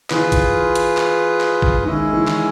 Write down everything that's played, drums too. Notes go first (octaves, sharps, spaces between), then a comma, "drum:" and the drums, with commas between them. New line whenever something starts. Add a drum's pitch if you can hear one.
E3 F4 G#4 B4, drum: clap
drum: kick G#1, hi-hat
drum: hi-hat
drum: clap
drum: clap
drum: kick G#1
D#3 G#3 C#4 E4
E3
drum: clap